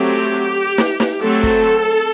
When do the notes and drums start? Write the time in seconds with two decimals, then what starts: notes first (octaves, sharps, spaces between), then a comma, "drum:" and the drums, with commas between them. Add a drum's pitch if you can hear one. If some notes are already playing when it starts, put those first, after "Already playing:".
Already playing: F#3 A3 C4 G4
0.78 drum: snare
1.00 drum: snare
1.21 F#3 A3 C4 A4
1.43 drum: kick